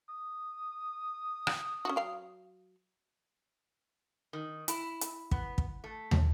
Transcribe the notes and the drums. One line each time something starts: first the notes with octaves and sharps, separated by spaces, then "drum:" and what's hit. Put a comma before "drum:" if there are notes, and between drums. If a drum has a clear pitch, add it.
D#6
drum: rim click
C#4 D#4 F#4
F#3 F5 G5
D#3
E4, drum: hi-hat
drum: hi-hat
B3, drum: kick
drum: kick
A3
drum: tom